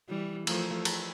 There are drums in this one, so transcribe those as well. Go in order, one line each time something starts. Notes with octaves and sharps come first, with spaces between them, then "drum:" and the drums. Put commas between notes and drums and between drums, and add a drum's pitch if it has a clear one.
E3 G3
F3 A3, drum: cymbal
drum: cymbal